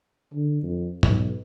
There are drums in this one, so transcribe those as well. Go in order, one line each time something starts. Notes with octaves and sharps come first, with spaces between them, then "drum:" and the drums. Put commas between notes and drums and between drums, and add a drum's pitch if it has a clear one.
D3
F2
B1, drum: tom